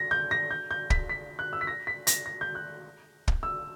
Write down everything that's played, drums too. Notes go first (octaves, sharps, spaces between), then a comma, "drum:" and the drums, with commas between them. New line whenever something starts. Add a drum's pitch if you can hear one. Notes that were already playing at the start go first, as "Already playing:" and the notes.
Already playing: A#6
G6
A#6
G6
G6
B6, drum: kick
B6
F#6
E6
B6
A#6
B6
A#6, drum: hi-hat
A#6
G6
F#6
drum: kick
E6